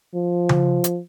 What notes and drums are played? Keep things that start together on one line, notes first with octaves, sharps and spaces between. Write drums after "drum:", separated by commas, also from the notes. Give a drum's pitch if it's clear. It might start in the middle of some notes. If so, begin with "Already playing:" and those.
F3
drum: tom C#3
drum: hi-hat